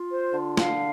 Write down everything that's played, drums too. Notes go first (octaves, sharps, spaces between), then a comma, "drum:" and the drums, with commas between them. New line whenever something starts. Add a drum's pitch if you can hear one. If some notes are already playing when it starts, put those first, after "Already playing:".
Already playing: F4
C5
D3
F5, drum: snare